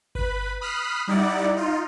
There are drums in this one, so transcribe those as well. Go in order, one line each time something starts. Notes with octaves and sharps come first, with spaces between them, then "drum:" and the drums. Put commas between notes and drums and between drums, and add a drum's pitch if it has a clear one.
B4 B5, drum: kick G1
B5 D#6 F6 F#6 B6 C7
G3 D#4 E4 D5 F#5
D#4 F4